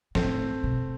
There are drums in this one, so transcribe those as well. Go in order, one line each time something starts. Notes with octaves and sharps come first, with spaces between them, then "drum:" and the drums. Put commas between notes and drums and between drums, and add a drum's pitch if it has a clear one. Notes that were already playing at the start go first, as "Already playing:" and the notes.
A2 A3 C4, drum: snare
B2